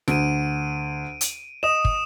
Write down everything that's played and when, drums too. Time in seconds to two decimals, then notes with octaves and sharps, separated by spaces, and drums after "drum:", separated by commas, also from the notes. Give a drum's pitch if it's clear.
0.08 D2 D7 D#7, drum: snare
1.21 drum: hi-hat
1.63 D#5 D#6 E7
1.85 drum: kick